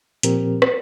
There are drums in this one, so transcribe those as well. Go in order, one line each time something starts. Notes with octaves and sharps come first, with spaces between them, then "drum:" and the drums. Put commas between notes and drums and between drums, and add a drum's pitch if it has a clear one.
A#2 F3 C4 G4 A#4, drum: hi-hat
drum: rim click